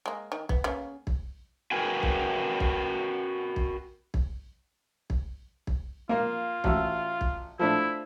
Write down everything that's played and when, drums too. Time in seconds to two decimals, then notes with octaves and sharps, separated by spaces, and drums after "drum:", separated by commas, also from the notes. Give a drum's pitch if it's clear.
0.06 G#3 A#3
0.32 D#3
0.49 B3, drum: kick
0.64 C#3 A#3 B3
1.07 drum: kick
1.71 F#4 A#4 B4 G5 G#5
2.03 drum: kick
2.60 drum: kick
3.56 drum: kick
4.14 drum: kick
5.10 drum: kick
5.67 drum: kick
6.09 A#3 F4 A#4
6.64 A1 F#4 E6, drum: kick
7.21 drum: kick
7.59 F3 A3 D4 E4